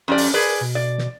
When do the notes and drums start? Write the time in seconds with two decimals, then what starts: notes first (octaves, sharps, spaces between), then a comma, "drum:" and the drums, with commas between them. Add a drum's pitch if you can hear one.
0.08 F2 G3 C#4 D5
0.18 drum: open hi-hat
0.34 G#4 A#4 B4 D5
0.61 B2
0.75 D5
0.98 drum: snare